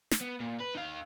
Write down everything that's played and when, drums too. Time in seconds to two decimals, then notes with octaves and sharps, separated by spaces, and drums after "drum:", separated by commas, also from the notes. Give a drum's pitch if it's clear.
0.11 drum: snare
0.21 B3
0.40 A#2
0.60 B4
0.75 D#4 F5